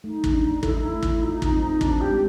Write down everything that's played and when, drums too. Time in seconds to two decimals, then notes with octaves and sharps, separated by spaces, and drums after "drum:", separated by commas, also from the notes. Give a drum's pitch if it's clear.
0.04 A3 D#4
0.24 drum: kick
0.33 D4
0.63 E4 A4, drum: kick
0.72 D#4
0.82 E4
0.93 A3
1.03 drum: kick
1.22 D#4 F4
1.42 drum: kick
1.52 C4
1.81 C4 D4, drum: kick
2.01 G4
2.11 G#3